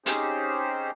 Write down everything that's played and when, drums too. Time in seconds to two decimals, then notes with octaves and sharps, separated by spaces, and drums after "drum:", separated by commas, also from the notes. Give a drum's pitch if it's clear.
0.06 C4 C#4 D#4 G4 G#4 C5, drum: hi-hat